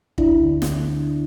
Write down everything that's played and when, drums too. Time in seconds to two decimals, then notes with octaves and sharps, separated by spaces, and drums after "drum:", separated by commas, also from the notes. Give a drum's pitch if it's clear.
0.18 D2 D4 E4, drum: kick
0.43 D3
0.62 drum: snare